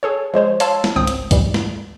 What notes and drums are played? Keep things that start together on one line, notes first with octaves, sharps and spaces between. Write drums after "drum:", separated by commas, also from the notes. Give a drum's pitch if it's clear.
G#4 A4 C#5
F3 G#3 C5 C#5
C#5 F5 A5 C6 E6, drum: hi-hat
drum: snare
G#1 C#2 C4 G5 D#6
drum: hi-hat
G#2 E3 G3, drum: kick, hi-hat
drum: snare